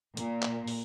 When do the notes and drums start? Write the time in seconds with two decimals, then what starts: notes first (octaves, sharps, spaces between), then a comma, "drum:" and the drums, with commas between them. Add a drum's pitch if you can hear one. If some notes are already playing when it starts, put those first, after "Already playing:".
0.17 A#2, drum: hi-hat
0.42 drum: clap
0.67 drum: open hi-hat